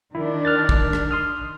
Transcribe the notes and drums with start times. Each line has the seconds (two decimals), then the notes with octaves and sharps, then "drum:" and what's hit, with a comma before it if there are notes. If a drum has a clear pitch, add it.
0.15 D#3 D4 E4
0.45 F6 F#6 A6
0.69 drum: kick
0.93 drum: rim click
1.11 C6 D#6 F6